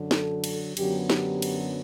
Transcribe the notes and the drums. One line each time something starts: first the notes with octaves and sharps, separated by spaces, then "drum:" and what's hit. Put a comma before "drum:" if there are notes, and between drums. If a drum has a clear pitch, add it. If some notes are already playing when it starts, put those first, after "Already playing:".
Already playing: F#2 D3 F#3
A4, drum: snare
drum: cymbal
F#2 D3 F#3 B3 G4, drum: cymbal
G4, drum: snare
drum: cymbal